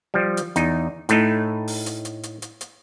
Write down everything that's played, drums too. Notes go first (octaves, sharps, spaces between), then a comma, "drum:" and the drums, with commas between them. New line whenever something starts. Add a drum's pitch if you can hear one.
F3 G3
drum: hi-hat
E2 D#4, drum: hi-hat
A2 A3 D#4, drum: hi-hat
drum: open hi-hat
drum: hi-hat
drum: hi-hat
drum: hi-hat
drum: hi-hat
drum: hi-hat